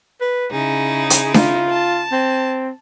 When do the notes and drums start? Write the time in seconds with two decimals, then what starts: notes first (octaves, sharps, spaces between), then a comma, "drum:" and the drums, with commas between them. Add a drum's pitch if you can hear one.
0.21 B4
0.52 C#3 D#4 E4 G#4
1.10 drum: hi-hat
1.34 F4, drum: snare D4
1.69 A5
2.12 C4